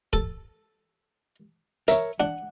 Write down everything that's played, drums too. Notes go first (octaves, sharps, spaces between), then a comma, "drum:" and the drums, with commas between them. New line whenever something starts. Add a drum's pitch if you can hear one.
A4, drum: kick
A#4 C#5 E5, drum: hi-hat
D4 F#5